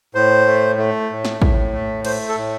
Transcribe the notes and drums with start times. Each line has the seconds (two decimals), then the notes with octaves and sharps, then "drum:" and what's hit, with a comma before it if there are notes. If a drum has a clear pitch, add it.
0.15 A2 C5
0.46 A3
0.78 A3
1.10 A2
1.25 drum: snare
1.42 A2, drum: kick
1.73 A3
2.05 A3 C5, drum: cymbal
2.29 A4
2.36 A2